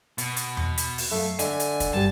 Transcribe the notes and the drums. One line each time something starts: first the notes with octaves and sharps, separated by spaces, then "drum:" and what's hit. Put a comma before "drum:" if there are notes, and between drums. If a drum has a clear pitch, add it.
B2, drum: hi-hat
drum: hi-hat
drum: tom E2
drum: hi-hat
drum: open hi-hat
F#2 A3 F5
D3 D#5 E5 G#5, drum: hi-hat
drum: hi-hat
drum: kick, hi-hat
G2 G4 A5